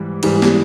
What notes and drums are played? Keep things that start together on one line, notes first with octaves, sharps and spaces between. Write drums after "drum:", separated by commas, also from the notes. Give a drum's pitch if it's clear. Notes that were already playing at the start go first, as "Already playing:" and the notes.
Already playing: G#2 E3 G3
G#2 E3 G3, drum: cymbal
drum: snare